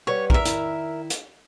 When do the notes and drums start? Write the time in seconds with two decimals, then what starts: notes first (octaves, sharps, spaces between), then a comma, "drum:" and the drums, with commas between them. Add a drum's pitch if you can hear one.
0.07 G3 B4 C#5 F#5
0.30 A#4 E5, drum: kick A#1
0.45 D#3 E4, drum: hi-hat
1.10 drum: hi-hat